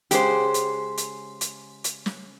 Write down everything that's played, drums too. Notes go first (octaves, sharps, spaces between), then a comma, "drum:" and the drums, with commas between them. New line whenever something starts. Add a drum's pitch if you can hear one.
C#3 G#3 G4 C5 F#5, drum: hi-hat
drum: hi-hat
drum: hi-hat
drum: hi-hat
drum: hi-hat
drum: snare